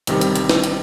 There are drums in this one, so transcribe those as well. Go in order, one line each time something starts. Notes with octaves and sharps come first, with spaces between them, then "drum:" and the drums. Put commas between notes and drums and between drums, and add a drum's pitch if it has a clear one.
A1 C3 D#3 G3, drum: hi-hat
drum: hi-hat
drum: hi-hat
drum: snare
drum: hi-hat